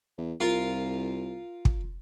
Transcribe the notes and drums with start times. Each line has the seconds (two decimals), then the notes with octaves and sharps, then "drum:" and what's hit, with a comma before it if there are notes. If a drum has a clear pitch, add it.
0.18 E2
0.40 C2 F4 A#4
1.65 drum: kick